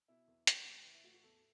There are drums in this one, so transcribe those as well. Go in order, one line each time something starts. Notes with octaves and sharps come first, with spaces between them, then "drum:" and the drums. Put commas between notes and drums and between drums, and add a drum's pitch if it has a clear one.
B2 E4
E2
E3 G4, drum: hi-hat
A2
E3
E4
A2 F#4
F#4
E2 A4